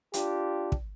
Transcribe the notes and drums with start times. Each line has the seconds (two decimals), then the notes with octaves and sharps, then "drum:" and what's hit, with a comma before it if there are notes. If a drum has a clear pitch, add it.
0.14 D4 F4 G4, drum: hi-hat
0.72 drum: kick